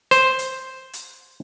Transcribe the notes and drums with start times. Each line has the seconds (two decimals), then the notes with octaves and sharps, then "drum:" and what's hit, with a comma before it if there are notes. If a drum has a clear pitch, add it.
0.11 C5, drum: hi-hat
0.39 drum: hi-hat
0.93 drum: hi-hat